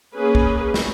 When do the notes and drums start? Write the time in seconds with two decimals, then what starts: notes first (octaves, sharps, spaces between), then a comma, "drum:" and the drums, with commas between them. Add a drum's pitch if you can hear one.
0.15 A#3 C#4 G#4 B4
0.35 drum: kick
0.74 drum: snare